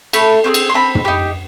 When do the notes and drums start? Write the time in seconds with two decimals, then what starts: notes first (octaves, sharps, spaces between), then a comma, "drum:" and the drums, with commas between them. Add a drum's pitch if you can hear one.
0.13 A3 B5, drum: cymbal
0.44 C4 F4 G#4
0.54 drum: cymbal
0.69 C6
0.74 C4 B5
0.95 drum: tom
1.05 D#4 G4